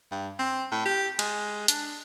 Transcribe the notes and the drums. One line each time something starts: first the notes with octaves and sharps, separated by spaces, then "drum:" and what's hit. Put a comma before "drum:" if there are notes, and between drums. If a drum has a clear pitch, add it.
G2
C4
A2
G4
G#3, drum: cymbal
D4, drum: hi-hat